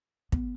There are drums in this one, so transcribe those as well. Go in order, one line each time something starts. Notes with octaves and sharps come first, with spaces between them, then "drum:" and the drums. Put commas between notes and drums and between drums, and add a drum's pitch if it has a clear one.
B3, drum: kick